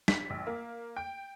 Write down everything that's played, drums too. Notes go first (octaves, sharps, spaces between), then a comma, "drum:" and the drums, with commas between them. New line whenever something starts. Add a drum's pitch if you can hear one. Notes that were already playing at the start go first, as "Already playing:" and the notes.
B6, drum: snare
A#1
A#3
G5